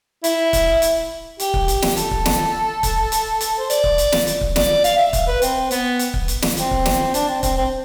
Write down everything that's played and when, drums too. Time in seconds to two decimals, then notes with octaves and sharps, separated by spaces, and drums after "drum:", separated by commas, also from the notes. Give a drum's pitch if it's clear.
0.24 E4, drum: hi-hat
0.53 drum: kick C#1, hi-hat
0.82 drum: hi-hat
1.40 G4, drum: hi-hat
1.54 drum: kick C#1
1.68 drum: hi-hat
1.82 drum: snare
1.97 A4, drum: hi-hat
2.11 drum: kick C#1
2.26 drum: snare
2.83 drum: kick C#1, hi-hat
3.12 drum: hi-hat
3.41 drum: hi-hat
3.58 C5
3.70 D5, drum: hi-hat
3.84 drum: kick C#1
3.98 drum: hi-hat
4.12 drum: snare
4.27 drum: hi-hat
4.41 drum: kick C#1
4.56 D5, drum: snare
4.84 F5, drum: hi-hat
4.98 E5
5.13 drum: kick C#1, hi-hat
5.28 B4
5.42 C4, drum: hi-hat
5.71 B3, drum: hi-hat
5.99 drum: hi-hat
6.14 drum: kick C#1
6.28 drum: hi-hat
6.42 drum: snare
6.57 C4, drum: hi-hat
6.71 drum: kick C#1
6.86 drum: snare
7.14 D4, drum: hi-hat
7.29 C4
7.43 C4, drum: kick C#1, hi-hat
7.57 C4